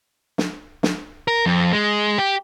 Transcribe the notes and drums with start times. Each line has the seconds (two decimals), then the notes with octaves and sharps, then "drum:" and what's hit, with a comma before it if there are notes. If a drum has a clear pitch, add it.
0.38 drum: snare
0.83 drum: snare
1.28 A#4
1.46 F2
1.73 G#3
2.18 G4